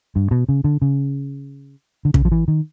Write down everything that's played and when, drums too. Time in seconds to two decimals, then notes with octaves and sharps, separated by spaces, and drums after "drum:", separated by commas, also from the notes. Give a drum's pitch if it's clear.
0.16 G2
0.31 B2
0.49 C#3
0.64 D3
0.82 C#3
2.05 D3
2.14 C#3, drum: kick
2.25 F3
2.32 E3
2.48 D#3